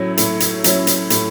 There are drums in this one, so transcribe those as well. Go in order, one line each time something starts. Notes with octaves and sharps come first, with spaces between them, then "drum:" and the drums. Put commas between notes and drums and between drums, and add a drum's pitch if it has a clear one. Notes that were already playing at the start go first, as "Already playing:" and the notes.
Already playing: A2 F#3 C#4 E4
A2, drum: hi-hat
drum: hi-hat
F#3 C#4 E4, drum: hi-hat
drum: hi-hat
A2, drum: hi-hat